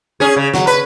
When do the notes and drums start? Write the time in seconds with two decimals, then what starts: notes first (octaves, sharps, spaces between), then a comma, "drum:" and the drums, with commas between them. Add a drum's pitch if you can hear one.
0.20 C#4 G#4
0.37 C#3
0.54 F#3, drum: snare
0.67 B4, drum: hi-hat